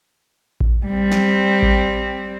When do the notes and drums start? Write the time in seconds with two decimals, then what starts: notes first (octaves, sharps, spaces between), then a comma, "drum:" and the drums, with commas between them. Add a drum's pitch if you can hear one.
0.61 drum: kick A1
0.86 G3 C4
1.12 drum: snare
1.63 drum: kick A1